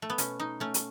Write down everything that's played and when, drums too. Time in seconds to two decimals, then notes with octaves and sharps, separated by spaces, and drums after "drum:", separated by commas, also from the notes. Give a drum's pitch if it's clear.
0.02 A3
0.10 B3
0.18 B2 C#4, drum: hi-hat
0.40 D#4
0.60 A3 C#4
0.74 drum: hi-hat